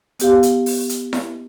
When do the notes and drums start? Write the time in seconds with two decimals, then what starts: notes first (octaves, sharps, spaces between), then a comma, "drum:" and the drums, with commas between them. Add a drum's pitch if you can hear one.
0.19 B3 G4 F5, drum: hi-hat
0.43 drum: hi-hat
0.66 drum: open hi-hat
0.89 drum: hi-hat
1.13 drum: snare E4